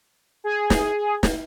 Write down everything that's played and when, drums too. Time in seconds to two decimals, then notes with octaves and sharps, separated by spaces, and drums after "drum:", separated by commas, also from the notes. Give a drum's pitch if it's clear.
0.44 G#4
0.70 drum: snare
1.23 drum: snare